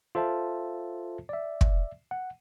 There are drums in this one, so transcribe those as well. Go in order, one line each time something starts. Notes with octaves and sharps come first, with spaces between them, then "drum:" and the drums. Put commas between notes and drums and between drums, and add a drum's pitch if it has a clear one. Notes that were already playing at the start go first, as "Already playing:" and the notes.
F4 A4 C5 E5 A5
D5 E5
drum: kick
F#5